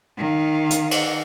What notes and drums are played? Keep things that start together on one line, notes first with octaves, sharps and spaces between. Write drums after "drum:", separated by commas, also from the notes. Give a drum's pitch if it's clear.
D#3 F5
drum: hi-hat
drum: cymbal